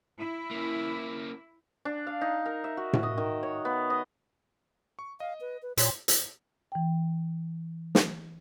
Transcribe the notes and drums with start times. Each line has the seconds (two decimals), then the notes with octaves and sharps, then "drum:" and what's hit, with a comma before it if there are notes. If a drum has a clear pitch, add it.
0.20 E4
0.51 A#3 C#4
1.85 D4
2.07 F5
2.21 D#4
2.46 A#4
2.64 E5
2.77 F#4
2.93 drum: tom A2
3.03 D#5
3.18 D#3
3.43 C#5
3.65 B3
3.90 D#5
4.99 C#6
5.20 D#5 F5
5.41 B4
5.62 B4
5.77 A#2 C#5 C6 B6 E7, drum: hi-hat
6.08 drum: hi-hat
6.72 E3 G5
7.95 drum: snare